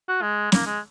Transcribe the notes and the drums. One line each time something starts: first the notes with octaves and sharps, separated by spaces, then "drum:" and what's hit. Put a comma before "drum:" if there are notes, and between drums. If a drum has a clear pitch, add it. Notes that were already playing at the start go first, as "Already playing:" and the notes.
F#4
G#3
A#3, drum: snare
G#3